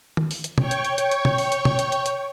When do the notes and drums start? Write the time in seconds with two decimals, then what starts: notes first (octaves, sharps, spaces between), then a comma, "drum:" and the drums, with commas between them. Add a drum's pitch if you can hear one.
0.17 drum: tom D#3
0.31 drum: open hi-hat
0.44 drum: hi-hat
0.58 C#5 G5 C#6, drum: tom
0.71 drum: hi-hat
0.85 drum: hi-hat
0.98 drum: hi-hat
1.11 drum: hi-hat
1.25 drum: tom
1.38 drum: open hi-hat
1.52 drum: hi-hat
1.65 drum: tom
1.79 drum: hi-hat
1.92 drum: hi-hat
2.06 drum: hi-hat